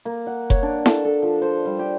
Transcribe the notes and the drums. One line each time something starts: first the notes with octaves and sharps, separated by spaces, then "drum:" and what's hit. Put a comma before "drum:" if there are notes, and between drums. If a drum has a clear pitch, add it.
A#3
F#5
C#5, drum: kick F1
D4
A4, drum: snare E4
A4
F3
C5
G3
G4